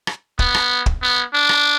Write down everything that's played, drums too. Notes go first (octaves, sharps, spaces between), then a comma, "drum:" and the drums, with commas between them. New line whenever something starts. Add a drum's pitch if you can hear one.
drum: rim click
B3, drum: kick
drum: rim click
drum: kick
B3
D4
drum: rim click